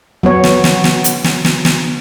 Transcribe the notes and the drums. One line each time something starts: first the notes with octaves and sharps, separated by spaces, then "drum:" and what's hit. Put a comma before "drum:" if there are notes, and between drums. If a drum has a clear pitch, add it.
F#3 B3 C#5
drum: snare
drum: snare
drum: snare
drum: hi-hat
drum: snare
drum: snare
drum: snare